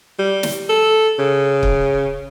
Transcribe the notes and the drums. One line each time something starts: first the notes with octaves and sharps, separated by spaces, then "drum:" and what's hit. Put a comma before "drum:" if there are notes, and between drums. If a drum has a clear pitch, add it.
G3
drum: snare
A4
C#3
drum: kick